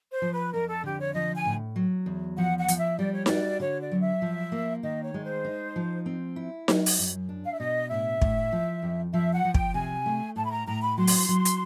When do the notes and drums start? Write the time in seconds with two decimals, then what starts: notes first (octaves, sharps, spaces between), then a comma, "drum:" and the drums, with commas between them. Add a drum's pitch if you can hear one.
0.12 C5
0.22 F3
0.32 B4
0.53 F2 A#4
0.68 A4
0.84 D3 G4
1.00 C#5
1.14 F3 D#5
1.35 G#5
1.45 A2
1.76 F#3
2.06 E2
2.37 F3 F#5
2.58 F#5
2.68 F3, drum: hi-hat
2.78 E5
2.99 G3 D5
3.12 C#5
3.26 F#4 D5, drum: snare D#4
3.60 D3 C#5
3.81 D5
3.92 F#3
4.01 E5
4.22 F3
4.52 A#3
4.83 D#3 D#5
5.04 C#5
5.14 G#3
5.25 C5
5.45 D#4
5.76 F3
6.06 C4
6.36 E4
6.68 F#3, drum: snare D#4
6.86 drum: open hi-hat
6.99 F#2
7.29 D4
7.45 F5
7.53 E5
7.60 B2 D#5
7.90 A2 E5
8.22 A2, drum: kick
8.52 F3
8.82 F2
9.13 F3 E5
9.34 F#5
9.45 F3
9.54 G5, drum: kick
9.74 C3 G#5
10.06 A3
10.36 A2 A5
10.46 B5
10.51 A#5
10.67 A2 A#5
10.82 B5
10.98 F#3 C6
11.07 drum: open hi-hat
11.29 F#3
11.45 drum: hi-hat